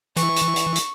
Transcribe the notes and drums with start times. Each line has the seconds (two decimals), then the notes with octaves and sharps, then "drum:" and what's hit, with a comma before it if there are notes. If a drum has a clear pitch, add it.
0.17 E3 C#6, drum: hi-hat
0.36 drum: hi-hat
0.56 drum: hi-hat
0.76 drum: hi-hat